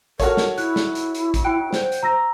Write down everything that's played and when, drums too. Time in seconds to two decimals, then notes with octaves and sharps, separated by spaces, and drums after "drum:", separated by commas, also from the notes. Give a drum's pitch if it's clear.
0.20 F#4 A4 A#4 C#5, drum: kick A1, hi-hat
0.37 drum: snare
0.58 E4 F#6, drum: hi-hat
0.76 drum: snare
0.95 drum: hi-hat
1.15 drum: hi-hat
1.34 drum: kick A1, hi-hat
1.44 G5 F#6 D7
1.73 C5, drum: snare
1.92 drum: hi-hat
2.03 A#5 E6 A#6